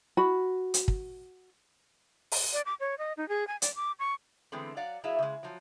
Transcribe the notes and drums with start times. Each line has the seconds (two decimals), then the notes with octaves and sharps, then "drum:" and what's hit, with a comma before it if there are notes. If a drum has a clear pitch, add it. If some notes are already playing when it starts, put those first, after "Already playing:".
0.17 F#4 B5
0.74 drum: hi-hat
0.88 drum: kick
2.32 drum: open hi-hat
2.53 D5
2.66 D6
2.80 C#5
2.98 D#5
3.17 D#4
3.29 G#4
3.47 G#5
3.62 D5, drum: hi-hat
3.75 D6
3.99 C#6
4.52 D3 E3 G#3 A3 B3 C4
4.77 F#3 D5 F5 F#5
5.04 F#3 E4 G#4 E5 F5
5.19 C#3 G#3
5.43 F3 F#3